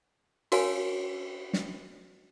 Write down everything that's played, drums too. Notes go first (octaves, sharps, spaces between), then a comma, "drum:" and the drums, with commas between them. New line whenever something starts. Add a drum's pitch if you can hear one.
F#4 A#4 C#5 F5 G#5 A#5, drum: cymbal
drum: snare